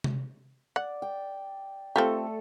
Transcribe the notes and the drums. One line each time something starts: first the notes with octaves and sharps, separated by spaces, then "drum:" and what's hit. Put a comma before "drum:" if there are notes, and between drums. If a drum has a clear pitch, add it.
drum: tom C3
D5 F#5
G5
A3 C4 F4 G4 A4